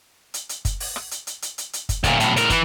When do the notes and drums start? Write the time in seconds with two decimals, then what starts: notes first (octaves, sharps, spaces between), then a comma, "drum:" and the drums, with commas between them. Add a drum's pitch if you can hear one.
0.34 drum: hi-hat
0.49 drum: hi-hat
0.65 drum: kick, hi-hat
0.80 drum: open hi-hat
0.96 drum: rim click
1.11 drum: hi-hat
1.27 drum: hi-hat
1.42 drum: hi-hat
1.58 drum: hi-hat
1.73 drum: hi-hat
1.89 drum: kick, hi-hat
2.04 D2 A#2, drum: kick, hi-hat
2.20 B1 A2, drum: hi-hat
2.36 A2 A#4, drum: hi-hat
2.50 E3, drum: kick, hi-hat